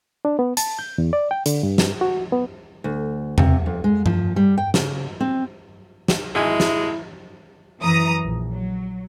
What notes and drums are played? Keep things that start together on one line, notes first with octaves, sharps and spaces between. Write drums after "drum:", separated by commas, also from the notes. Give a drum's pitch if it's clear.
D4
B3
A5, drum: hi-hat
G6
E2
D5
G5
D3, drum: hi-hat
G2
drum: snare
F#4
B3
D2
C3, drum: tom E2
F2
G#3
F3, drum: tom G2
G3
G5
C#3, drum: snare
C4
drum: snare
G#1 G#3 E4 E5 G#5
drum: snare
F#2 E3 A#5 D#6
A#1
F#3